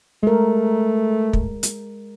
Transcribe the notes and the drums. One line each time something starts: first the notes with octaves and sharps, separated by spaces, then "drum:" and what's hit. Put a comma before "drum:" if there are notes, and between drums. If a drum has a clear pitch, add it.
G#3 A3 A#4
drum: kick
drum: hi-hat